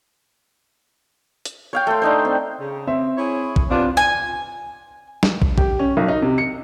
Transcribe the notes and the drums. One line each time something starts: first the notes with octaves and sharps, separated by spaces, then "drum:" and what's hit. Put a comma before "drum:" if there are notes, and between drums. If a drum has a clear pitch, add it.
drum: hi-hat
C#5 F5 G5
A3 C6
D4 D#4 C5
C4
C#3
C4 E5
E4 G#4 C#5
drum: kick
C3 B3 C4 D4 F4
G#5
drum: snare
drum: kick
G4, drum: kick
C#4
B1
D#4
C3
C#7